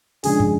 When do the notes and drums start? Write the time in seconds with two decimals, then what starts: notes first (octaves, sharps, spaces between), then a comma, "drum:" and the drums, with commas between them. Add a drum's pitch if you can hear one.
0.24 C#3 F3 G#3 D4 G#4, drum: open hi-hat
0.40 drum: tom